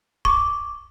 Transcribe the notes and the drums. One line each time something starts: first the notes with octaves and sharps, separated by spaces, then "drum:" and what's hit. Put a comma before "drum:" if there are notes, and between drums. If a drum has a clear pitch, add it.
C#6 D6, drum: kick